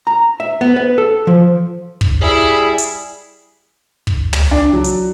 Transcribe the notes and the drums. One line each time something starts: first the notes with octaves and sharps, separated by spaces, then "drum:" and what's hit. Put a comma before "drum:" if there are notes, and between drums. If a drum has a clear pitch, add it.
A#5
E5
B3
B4
A4
F3
drum: kick
G3 E4 G#4 E5
drum: hi-hat
drum: kick
drum: tom
D4
F#3
drum: hi-hat